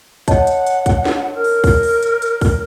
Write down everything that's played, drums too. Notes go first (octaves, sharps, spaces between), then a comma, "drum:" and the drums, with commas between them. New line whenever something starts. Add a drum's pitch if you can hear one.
C#5 D#5 F#5 A5, drum: kick, hi-hat
drum: hi-hat
drum: hi-hat
drum: kick, hi-hat
drum: snare
A#4
drum: open hi-hat
drum: kick, open hi-hat
drum: open hi-hat
drum: hi-hat
drum: hi-hat
drum: kick, open hi-hat